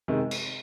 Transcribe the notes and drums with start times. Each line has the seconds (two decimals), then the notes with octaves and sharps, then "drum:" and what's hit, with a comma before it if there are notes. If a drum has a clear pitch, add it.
0.08 C3 D#3 G#3
0.31 drum: cymbal